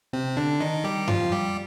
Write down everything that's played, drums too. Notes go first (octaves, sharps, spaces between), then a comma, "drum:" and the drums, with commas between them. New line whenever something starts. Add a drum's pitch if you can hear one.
C3 C4
D3 D4
D#3 D#4
G3 G4
F3 F4, drum: tom F#2
G3 G4